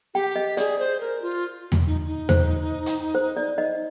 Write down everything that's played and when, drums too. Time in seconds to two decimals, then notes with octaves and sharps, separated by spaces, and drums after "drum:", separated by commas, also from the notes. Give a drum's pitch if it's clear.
0.14 G4 G5
0.36 D#5
0.57 G#4 D5, drum: hi-hat
0.79 C5
1.00 A#4
1.22 F4
1.72 drum: tom E2
1.87 D#4
2.07 D#4
2.29 C5, drum: tom E2
2.86 drum: hi-hat
3.15 C5
3.37 D5
3.58 D#5